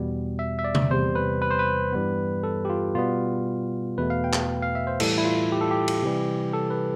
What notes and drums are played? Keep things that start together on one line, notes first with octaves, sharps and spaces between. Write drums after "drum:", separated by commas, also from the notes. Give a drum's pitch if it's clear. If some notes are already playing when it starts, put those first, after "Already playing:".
Already playing: E2 B2 G3 B3
E5
E5
D5
drum: tom C3
E2 C3 G3 C5
B4
B4
C5
B4
G2 E3 G3 B3
A4
G4
F4
B2 G3 B3 F4
E2 B2 A3 B4
F5
G5
drum: clap
F5
E5
C5
A2 E3 G3 A4, drum: cymbal
E4
F4
G4
A4
G4
drum: cymbal
C3 E3 G3
A4
B4